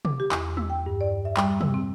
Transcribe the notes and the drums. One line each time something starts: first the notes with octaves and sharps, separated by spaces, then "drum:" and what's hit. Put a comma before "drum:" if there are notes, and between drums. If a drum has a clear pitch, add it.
D6, drum: tom
G4
E2, drum: clap
E6, drum: tom
G5
G2
D5
E5
G3, drum: clap
E6, drum: tom
C4